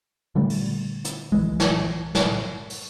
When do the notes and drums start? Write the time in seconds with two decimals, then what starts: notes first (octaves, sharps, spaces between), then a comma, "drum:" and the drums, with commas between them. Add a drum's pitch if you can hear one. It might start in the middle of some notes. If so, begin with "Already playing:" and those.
0.35 A#2 D3 G3 A3
0.50 drum: open hi-hat
1.05 drum: hi-hat
1.32 B1 E3 G#3
1.60 drum: snare
2.15 drum: snare
2.70 drum: open hi-hat